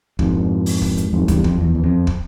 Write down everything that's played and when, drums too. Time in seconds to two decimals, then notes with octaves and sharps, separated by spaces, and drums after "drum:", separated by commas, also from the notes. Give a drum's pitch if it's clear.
0.19 F2 G#2, drum: kick
0.66 drum: open hi-hat
0.82 drum: kick
0.97 drum: hi-hat
1.13 F2 G#2
1.28 E2 G2, drum: kick, hi-hat
1.44 F2, drum: kick
1.61 E2
1.75 E2
1.84 F2
2.07 drum: kick